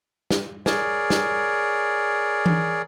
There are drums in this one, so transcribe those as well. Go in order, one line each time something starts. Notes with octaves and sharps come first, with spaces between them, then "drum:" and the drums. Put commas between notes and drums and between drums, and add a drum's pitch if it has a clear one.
drum: snare
G#4 A#4 C#5 D5, drum: snare
drum: snare
drum: tom E3